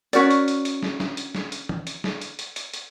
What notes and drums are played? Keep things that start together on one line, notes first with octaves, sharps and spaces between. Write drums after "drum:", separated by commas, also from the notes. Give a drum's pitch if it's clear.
C#4 F#4 A#4 D5, drum: hi-hat
drum: hi-hat
drum: hi-hat
drum: hi-hat
drum: snare
drum: snare
drum: hi-hat
drum: snare
drum: hi-hat
drum: tom E3
drum: hi-hat
drum: snare
drum: hi-hat
drum: hi-hat
drum: hi-hat
drum: hi-hat